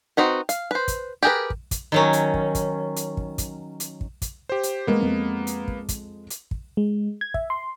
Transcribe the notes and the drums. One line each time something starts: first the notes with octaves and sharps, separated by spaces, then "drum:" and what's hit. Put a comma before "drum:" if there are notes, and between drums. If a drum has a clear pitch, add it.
C4 D#4 F#4 B4
F5, drum: hi-hat
B4 C5
drum: kick, hi-hat
G4 G#4 A#4 B4
drum: kick
drum: kick, hi-hat
D#3 F#3 C#4
drum: hi-hat
drum: kick
drum: kick, hi-hat
drum: hi-hat
drum: kick
drum: kick, hi-hat
drum: hi-hat
drum: kick
drum: kick, hi-hat
G4 C5
drum: hi-hat
G#3 A#3 B3 A#4
F2 G#3
drum: hi-hat
drum: kick
drum: kick, hi-hat
drum: hi-hat
drum: kick
G#3
G#6
E5, drum: kick
C6